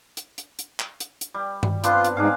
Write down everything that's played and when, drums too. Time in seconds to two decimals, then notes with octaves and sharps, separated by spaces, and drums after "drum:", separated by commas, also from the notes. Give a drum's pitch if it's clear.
0.17 drum: hi-hat
0.38 drum: hi-hat
0.59 drum: hi-hat
0.80 drum: clap
1.00 drum: hi-hat
1.21 drum: hi-hat
1.34 G3
1.63 drum: tom G2
1.84 B3 C4 D4 F4, drum: hi-hat
2.05 drum: hi-hat
2.17 G#2 D4 G#4 F5